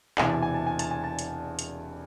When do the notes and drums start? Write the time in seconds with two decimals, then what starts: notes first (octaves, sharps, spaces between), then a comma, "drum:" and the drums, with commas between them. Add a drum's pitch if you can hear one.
0.18 E1 E2 C3 E3 G#5, drum: clap
0.30 A5
0.42 G#5
0.54 A5
0.67 G#5
0.79 A5, drum: hi-hat
0.91 G#5
1.04 A5
1.19 drum: hi-hat
1.59 drum: hi-hat